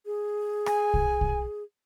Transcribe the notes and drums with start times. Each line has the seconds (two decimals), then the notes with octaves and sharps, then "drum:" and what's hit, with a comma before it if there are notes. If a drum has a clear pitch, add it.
0.06 G#4
0.66 G#5, drum: rim click
0.94 drum: kick
1.21 drum: kick